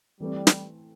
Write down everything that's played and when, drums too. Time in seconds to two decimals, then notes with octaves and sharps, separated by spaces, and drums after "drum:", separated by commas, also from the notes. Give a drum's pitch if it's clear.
0.20 E3 G3 A3 C4
0.47 drum: snare